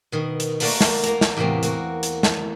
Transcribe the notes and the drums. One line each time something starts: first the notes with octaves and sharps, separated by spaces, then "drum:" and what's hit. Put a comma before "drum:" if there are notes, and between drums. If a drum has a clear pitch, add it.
B2 D#3
drum: hi-hat
A3 A#3 F#4 A#4 D5, drum: open hi-hat
drum: snare
A#3 A#5, drum: hi-hat
drum: snare
E2 A2 C3 A#3 C4
A#3 F#4, drum: hi-hat
drum: hi-hat
drum: snare